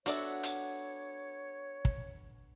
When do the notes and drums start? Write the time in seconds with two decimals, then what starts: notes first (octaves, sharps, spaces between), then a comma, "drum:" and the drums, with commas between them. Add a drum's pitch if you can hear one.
0.06 B3 D4 F#4 A4 C#5 D5 E5, drum: hi-hat
0.43 drum: hi-hat
1.85 drum: kick